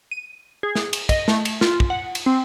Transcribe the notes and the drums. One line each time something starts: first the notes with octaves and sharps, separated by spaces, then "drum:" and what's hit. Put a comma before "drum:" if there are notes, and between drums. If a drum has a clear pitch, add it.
D#7
G#4
drum: snare
drum: cymbal
D#5, drum: kick, cymbal
A3, drum: snare
drum: cymbal
F4, drum: snare
drum: kick
F#5
drum: cymbal
C4